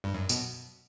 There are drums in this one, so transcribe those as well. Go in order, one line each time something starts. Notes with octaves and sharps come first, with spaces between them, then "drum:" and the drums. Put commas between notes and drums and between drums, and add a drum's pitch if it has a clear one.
G2
F#2
B2, drum: tambourine